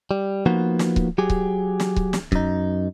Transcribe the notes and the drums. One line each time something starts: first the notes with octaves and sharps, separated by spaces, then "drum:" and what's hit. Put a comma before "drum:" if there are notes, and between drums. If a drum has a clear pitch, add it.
G3
F3 A#3 B3 D#4 F#4
drum: snare
drum: kick C#1
F#3 G4 G#4
drum: kick C#1
drum: snare
drum: kick C#1
drum: snare
F#2 D#4, drum: kick C#1